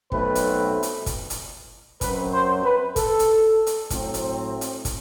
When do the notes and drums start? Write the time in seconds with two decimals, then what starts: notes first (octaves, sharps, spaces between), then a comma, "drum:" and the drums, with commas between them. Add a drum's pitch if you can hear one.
0.12 B1 B2 A3 C4 B4, drum: kick
0.35 drum: hi-hat
0.83 drum: hi-hat
1.06 drum: kick, hi-hat
1.30 drum: hi-hat
2.01 F#2 F#3 C4 B4, drum: kick, hi-hat
2.32 C5
2.64 B4
2.96 A4, drum: kick, hi-hat
3.19 drum: hi-hat
3.67 drum: hi-hat
3.90 A2 F#3 C4, drum: kick, hi-hat
4.14 drum: hi-hat
4.61 drum: hi-hat
4.85 drum: kick, hi-hat